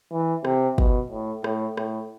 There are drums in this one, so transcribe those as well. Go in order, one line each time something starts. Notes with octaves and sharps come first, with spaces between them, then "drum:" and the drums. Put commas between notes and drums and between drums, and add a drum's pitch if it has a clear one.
E3
C3, drum: rim click
B2, drum: kick
A2
A2, drum: rim click
A2, drum: rim click